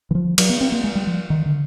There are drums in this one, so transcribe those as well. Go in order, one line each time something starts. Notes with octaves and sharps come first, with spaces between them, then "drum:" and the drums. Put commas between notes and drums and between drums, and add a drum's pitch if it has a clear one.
E3
F3
F#3, drum: cymbal
B3
C4
A#3
G#3
G3
F3
D#3
D3